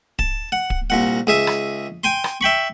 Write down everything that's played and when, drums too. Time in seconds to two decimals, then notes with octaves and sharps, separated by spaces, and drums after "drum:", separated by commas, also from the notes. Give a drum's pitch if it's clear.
0.19 A5, drum: kick D1
0.52 F#5
0.70 drum: kick D1
0.90 C2 A#2 F#5
1.27 C#2 G#4 E5 G#5
1.47 drum: rim click
2.04 G5 G#5 C6
2.24 drum: rim click
2.41 E5 G5 B5 C#6